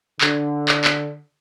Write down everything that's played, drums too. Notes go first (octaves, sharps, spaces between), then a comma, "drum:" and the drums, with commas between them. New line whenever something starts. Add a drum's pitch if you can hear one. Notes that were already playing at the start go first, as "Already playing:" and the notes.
D3, drum: clap
drum: clap
drum: clap